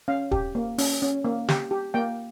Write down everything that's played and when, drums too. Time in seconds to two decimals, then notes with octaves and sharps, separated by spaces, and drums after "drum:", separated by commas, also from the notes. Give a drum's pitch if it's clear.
0.08 C#4 F5
0.32 G4, drum: kick
0.55 A#3
0.78 C#4, drum: open hi-hat
1.02 C#4
1.25 A#3
1.49 G4, drum: snare
1.71 G4
1.94 A#3 G5